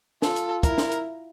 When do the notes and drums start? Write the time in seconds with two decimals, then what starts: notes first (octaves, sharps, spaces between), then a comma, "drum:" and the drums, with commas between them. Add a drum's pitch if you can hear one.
0.22 F4 A4, drum: snare
0.36 drum: hi-hat
0.63 E4 A#4, drum: kick, hi-hat
0.78 drum: snare
0.92 drum: hi-hat